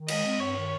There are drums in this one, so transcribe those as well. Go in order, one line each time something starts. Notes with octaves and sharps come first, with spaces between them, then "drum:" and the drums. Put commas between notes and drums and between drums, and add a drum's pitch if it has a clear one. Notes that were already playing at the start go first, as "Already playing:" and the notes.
Already playing: D#3
G#3 D#5, drum: cymbal
C4
G2 C#5
D#3